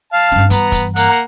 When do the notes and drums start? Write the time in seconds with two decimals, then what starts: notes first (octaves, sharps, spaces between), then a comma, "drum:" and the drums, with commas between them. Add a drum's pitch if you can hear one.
0.13 F5 A5
0.32 G2 C#4
0.50 G2 E3 B3 A#5, drum: hi-hat
0.72 drum: kick, hi-hat
0.96 A#3 F#5 A#5, drum: hi-hat